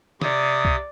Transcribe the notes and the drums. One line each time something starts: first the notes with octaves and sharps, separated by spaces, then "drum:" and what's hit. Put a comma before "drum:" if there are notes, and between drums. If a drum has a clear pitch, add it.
C3 D5 D#6, drum: snare
drum: kick C2